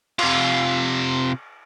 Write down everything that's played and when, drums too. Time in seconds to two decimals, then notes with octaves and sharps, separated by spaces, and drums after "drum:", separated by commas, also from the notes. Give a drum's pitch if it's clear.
0.19 C3 F4, drum: cymbal